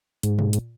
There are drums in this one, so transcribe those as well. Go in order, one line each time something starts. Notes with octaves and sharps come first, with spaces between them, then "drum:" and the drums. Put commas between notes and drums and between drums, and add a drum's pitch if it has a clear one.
G#2, drum: hi-hat
drum: tom A#2
drum: hi-hat